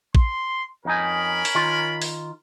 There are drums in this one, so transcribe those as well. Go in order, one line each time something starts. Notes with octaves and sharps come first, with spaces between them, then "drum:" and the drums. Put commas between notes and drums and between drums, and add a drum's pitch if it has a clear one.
C6, drum: kick A1
F2 C#4 D#4 A#4 G#5 B5
drum: open hi-hat
D#3 F4
drum: open hi-hat